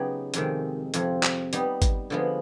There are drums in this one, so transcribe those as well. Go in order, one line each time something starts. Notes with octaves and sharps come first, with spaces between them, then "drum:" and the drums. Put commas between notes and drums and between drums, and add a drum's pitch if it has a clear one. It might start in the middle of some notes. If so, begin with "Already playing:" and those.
Already playing: C#3 F#3 B3 D#4 G4
F2 C3 D#3 G#3, drum: hi-hat
F2 C3 F3, drum: hi-hat
drum: clap
G3 B3 D#4, drum: hi-hat
drum: kick G#1, hi-hat
D3 F3 G#3 B3